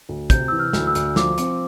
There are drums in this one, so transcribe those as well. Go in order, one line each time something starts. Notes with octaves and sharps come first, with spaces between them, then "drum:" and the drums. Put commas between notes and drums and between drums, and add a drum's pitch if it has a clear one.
D2
C3 G6, drum: kick, hi-hat
E3 E6
F6
D2, drum: snare
E6
D2, drum: hi-hat
F3 D6, drum: snare
C4, drum: hi-hat